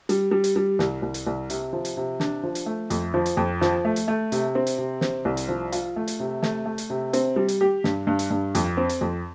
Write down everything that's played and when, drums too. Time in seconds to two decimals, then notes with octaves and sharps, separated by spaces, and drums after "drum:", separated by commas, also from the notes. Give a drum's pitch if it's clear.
0.09 G3, drum: hi-hat
0.31 G3
0.44 drum: hi-hat
0.56 G3
0.79 C2, drum: snare
1.02 C2
1.14 drum: hi-hat
1.27 C2
1.50 C3, drum: hi-hat
1.73 F3
1.85 drum: hi-hat
1.97 C3
2.20 D4, drum: snare
2.43 F3
2.55 drum: hi-hat
2.66 A3
2.90 F2, drum: hi-hat
3.14 F3
3.26 drum: hi-hat
3.37 F2
3.61 F3, drum: snare
3.85 A3
3.96 drum: hi-hat
4.08 A3
4.32 C3, drum: hi-hat
4.55 C4
4.67 drum: hi-hat
4.78 C3
5.01 C4, drum: snare
5.25 C2
5.37 drum: hi-hat
5.48 F3
5.72 F4, drum: hi-hat
5.96 A3
6.07 drum: hi-hat
6.20 C3
6.43 A3, drum: snare
6.66 A3
6.78 drum: hi-hat
6.90 C3
7.13 C4, drum: hi-hat
7.36 G3
7.48 drum: hi-hat
7.61 G4
7.84 G2, drum: snare
8.07 G2
8.19 drum: hi-hat
8.31 G2
8.55 F2, drum: hi-hat
8.77 C4
8.89 drum: hi-hat
9.01 F2